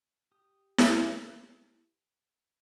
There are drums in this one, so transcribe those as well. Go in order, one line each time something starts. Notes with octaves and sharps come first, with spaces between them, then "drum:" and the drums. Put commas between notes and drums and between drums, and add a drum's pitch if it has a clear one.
G4 D#6
drum: snare E4